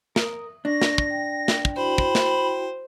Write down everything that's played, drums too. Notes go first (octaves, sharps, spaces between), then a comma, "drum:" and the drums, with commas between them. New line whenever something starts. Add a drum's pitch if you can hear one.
A#4 D#6, drum: snare
D4 C#6 A#6
drum: snare
drum: kick
G5
drum: snare
drum: kick
E4 F#4 C5 G5 B5
drum: kick
drum: snare